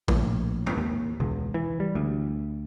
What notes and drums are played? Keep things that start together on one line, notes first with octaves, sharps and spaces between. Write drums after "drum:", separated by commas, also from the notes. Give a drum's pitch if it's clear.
A#1 A2, drum: kick A1
drum: tom G#2
D#2
E1 C#2
E3
G3
D2